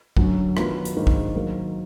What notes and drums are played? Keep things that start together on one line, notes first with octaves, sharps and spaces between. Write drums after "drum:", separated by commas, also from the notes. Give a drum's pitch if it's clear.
F#2 D3 F#3, drum: kick
D#3 F#3 B3 F4, drum: rim click
drum: hi-hat
G#2 D#3 A#3 D4
drum: kick
D#3 F#3 A#3